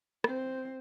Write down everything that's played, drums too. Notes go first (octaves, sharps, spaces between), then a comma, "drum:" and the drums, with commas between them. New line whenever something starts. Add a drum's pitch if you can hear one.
C4 C5, drum: rim click